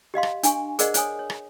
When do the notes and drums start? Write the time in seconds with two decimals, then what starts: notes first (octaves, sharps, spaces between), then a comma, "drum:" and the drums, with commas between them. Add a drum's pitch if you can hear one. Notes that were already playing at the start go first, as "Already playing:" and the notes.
0.14 G4 D#5 F5 C6
0.23 drum: rim click
0.43 D4 G#5 C#6, drum: hi-hat
0.79 G#4 A#4 C5 D5 D#5 F#5, drum: hi-hat
0.94 C5 C#5 G#5 D#6, drum: hi-hat
1.19 C#5
1.30 drum: rim click